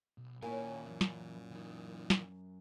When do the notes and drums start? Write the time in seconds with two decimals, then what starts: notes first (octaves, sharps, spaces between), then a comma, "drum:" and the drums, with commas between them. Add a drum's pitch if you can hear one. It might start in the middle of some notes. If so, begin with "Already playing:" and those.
0.18 B1
0.43 D#2 A#2 A#3 C#4 E4 A#4 F5 G#5
0.87 F#2 E3
1.01 drum: snare
1.52 E3 D#4
2.10 drum: snare